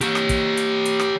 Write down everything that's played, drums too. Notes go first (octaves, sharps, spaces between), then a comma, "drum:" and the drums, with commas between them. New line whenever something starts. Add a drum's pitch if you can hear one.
G4 C#5, drum: hi-hat
drum: rim click
drum: kick, hi-hat
drum: hi-hat
drum: hi-hat
drum: rim click